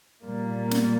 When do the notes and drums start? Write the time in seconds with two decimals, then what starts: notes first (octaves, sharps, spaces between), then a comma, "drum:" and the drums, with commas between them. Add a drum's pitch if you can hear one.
0.25 A#2 G3 A#3
0.71 drum: snare